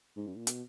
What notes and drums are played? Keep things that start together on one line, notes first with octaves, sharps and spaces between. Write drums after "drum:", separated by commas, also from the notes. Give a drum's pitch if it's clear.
G#2
F#2
A#2
B2, drum: hi-hat